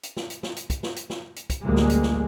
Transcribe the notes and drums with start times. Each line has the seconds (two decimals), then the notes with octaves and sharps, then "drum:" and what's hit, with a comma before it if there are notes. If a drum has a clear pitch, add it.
0.03 drum: hi-hat
0.17 drum: snare
0.30 drum: hi-hat
0.43 drum: snare
0.56 drum: hi-hat
0.70 drum: kick, hi-hat
0.83 drum: snare
0.96 drum: hi-hat
1.10 drum: snare
1.36 drum: hi-hat
1.50 drum: kick, hi-hat
1.63 A1 D2 G3 G#3 A#3
1.76 drum: snare
1.90 drum: hi-hat
2.03 drum: snare